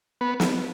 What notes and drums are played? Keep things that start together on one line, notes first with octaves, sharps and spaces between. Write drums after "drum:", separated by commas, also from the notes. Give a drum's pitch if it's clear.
B3
drum: snare